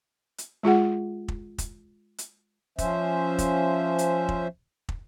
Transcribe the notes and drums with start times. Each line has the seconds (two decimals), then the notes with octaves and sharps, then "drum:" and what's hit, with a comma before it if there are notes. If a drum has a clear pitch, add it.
0.38 drum: hi-hat
0.63 G#3 F4 G#4 F#5
1.28 drum: kick
1.58 drum: kick, hi-hat
2.18 drum: hi-hat
2.78 F3 C#4 C5 E5, drum: kick, hi-hat
3.38 drum: kick, hi-hat
3.99 drum: hi-hat
4.29 drum: kick
4.89 drum: kick